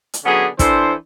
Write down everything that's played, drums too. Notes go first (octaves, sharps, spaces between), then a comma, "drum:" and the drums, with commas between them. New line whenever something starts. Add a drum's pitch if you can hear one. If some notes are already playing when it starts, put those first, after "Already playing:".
drum: hi-hat
D3 F#3 B3 C#4 G#4
E3 D4 A4 C5, drum: kick, hi-hat